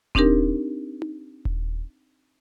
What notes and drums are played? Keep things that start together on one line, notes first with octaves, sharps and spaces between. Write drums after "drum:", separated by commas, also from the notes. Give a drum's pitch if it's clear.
C4 D4 D#4 G4 A#4, drum: kick D#1
drum: tom D#4
drum: kick D#1